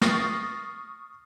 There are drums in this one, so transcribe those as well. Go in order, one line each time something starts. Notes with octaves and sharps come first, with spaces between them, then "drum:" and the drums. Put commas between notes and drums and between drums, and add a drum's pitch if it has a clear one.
C#6 D#6 F6 A6 A#6 C7, drum: snare